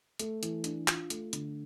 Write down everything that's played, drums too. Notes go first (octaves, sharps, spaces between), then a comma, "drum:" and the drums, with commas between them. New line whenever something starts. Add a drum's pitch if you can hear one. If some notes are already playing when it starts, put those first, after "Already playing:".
A3, drum: hi-hat
E3, drum: hi-hat
D4, drum: hi-hat
F4, drum: clap
A3, drum: hi-hat
D3, drum: hi-hat